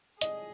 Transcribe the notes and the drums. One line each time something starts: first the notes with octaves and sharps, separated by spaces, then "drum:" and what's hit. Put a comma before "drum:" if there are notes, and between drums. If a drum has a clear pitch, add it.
G#4 D#5, drum: hi-hat